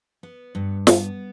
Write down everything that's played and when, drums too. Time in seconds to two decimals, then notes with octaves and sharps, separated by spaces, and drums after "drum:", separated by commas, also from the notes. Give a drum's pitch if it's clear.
0.23 B3
0.55 G2
0.87 B3, drum: snare